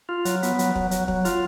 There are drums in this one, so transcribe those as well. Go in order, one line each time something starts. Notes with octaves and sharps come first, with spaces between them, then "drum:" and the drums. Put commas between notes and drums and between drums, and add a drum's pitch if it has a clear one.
F4
F#3, drum: hi-hat
B3, drum: hi-hat
F#3, drum: hi-hat
F#3, drum: kick
F#3, drum: hi-hat
F#3, drum: kick
F4, drum: hi-hat